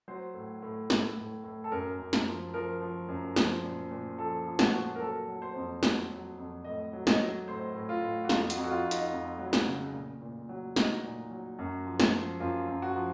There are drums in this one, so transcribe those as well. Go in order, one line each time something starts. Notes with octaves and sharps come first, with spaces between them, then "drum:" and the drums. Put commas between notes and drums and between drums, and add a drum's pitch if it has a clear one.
F#3 C5
A2
A2
A2, drum: snare
A2
A2
A4
F#2 A#4
F#2
drum: snare
F3
F3 A#4
F3
F#2
F3, drum: snare
A#2
A#2
F3 A4
F3
F#4, drum: snare
A#2
A#4
F#3 A4
F#3
C5
F2
F#3, drum: snare
F#3
F2
A2 D#5
F#3
D#5, drum: snare
F#3
A2 C5
A2
F4
A2
F#4
F2 F4, drum: snare
F#4, drum: hi-hat
F2
F#4
F4
F2
D#4, drum: hi-hat
F2
F#3
drum: snare
C#3
A#2
A#2
F#3
F#3 D#4, drum: snare
A#2
F#3
F#2
F3
drum: snare
F3
F#2 F4
F#2
F#4
F3